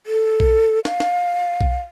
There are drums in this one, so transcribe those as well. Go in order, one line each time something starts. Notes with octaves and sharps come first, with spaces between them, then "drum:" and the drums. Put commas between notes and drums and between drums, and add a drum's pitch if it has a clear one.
A4
drum: kick B1
F5, drum: snare
drum: snare
drum: kick B1